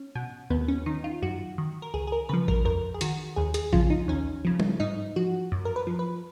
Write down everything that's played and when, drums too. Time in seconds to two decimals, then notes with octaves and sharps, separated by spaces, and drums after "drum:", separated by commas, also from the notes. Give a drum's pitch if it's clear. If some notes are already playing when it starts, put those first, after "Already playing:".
Already playing: C#4
0.15 B2
0.50 D#2 B3
0.68 C#4
0.86 D#3 D#4
1.04 F4
1.22 F#2 F#4
1.58 D#3
1.82 A#4
1.94 C#2 G#4
2.07 G#4
2.12 A#4
2.29 C#3 F3 B4
2.48 A#4, drum: kick A1
2.65 F2 A#4
2.94 G#4
3.01 D#3 F#4, drum: hi-hat
3.36 D#2 G#4
3.54 G#4, drum: hi-hat
3.73 C#3 F3 F4, drum: kick A1
3.90 D#4
4.08 D#2 C#4
4.45 C#3 F3
4.60 drum: tom G3
4.80 G#2 D#4
5.16 F3 F#4
5.52 F#2
5.65 A#4
5.76 B4
5.87 F3
5.99 B4